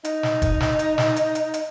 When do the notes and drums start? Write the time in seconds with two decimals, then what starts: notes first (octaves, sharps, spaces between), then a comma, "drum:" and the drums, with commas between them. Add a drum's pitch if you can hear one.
0.05 D#4 D#5, drum: hi-hat
0.23 drum: snare
0.42 drum: kick, hi-hat
0.60 drum: snare
0.79 drum: hi-hat
0.98 drum: snare
1.16 drum: hi-hat
1.35 drum: hi-hat
1.54 drum: hi-hat